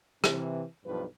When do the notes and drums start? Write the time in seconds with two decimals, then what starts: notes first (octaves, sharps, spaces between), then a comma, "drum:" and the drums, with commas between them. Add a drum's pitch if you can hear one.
0.24 C3 E3, drum: rim click
0.86 B1 G2 F3 D#4 B4